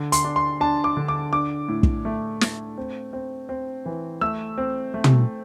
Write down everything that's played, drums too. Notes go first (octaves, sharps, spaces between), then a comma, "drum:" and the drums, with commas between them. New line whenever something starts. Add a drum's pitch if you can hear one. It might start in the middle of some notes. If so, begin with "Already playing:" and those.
Already playing: D3
C6, drum: hi-hat
D4
C6
D4 A5
D6
D3
D6
D4 D6
A2
drum: kick
A3
A3, drum: snare
C4
C4
C4
E3
A3 E6
C4
A3
drum: tom